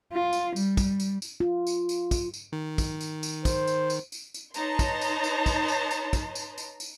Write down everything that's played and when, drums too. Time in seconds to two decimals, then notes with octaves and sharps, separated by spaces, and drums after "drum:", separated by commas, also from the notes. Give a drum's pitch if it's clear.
0.13 F4
0.33 drum: tambourine
0.56 G3, drum: tambourine
0.77 drum: kick, tambourine
1.00 drum: tambourine
1.22 drum: tambourine
1.40 F4
1.67 drum: tambourine
1.89 drum: tambourine
2.11 drum: kick, tambourine
2.34 drum: tambourine
2.53 D#3
2.78 drum: kick, tambourine
3.01 drum: tambourine
3.23 drum: tambourine
3.45 C5, drum: kick, tambourine
3.68 drum: tambourine
3.90 drum: tambourine
4.12 drum: tambourine
4.34 drum: tambourine
4.54 D#4 B4 C#5 A5 A#5 C6, drum: tambourine
4.79 drum: kick, tambourine
5.01 drum: tambourine
5.24 drum: tambourine
5.46 drum: kick, tambourine
5.68 drum: tambourine
5.91 drum: tambourine
6.13 drum: kick, tambourine
6.35 drum: tambourine
6.58 drum: tambourine
6.80 drum: tambourine